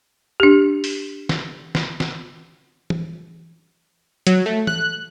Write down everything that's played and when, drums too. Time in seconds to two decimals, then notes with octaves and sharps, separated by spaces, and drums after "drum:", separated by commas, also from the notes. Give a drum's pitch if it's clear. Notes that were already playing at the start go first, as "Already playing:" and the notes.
0.40 D4 G4
0.84 drum: open hi-hat
1.29 drum: snare
1.75 drum: snare
2.00 drum: snare
2.90 drum: tom E3
4.27 F#3, drum: hi-hat
4.46 A3
4.67 F#6, drum: tom E3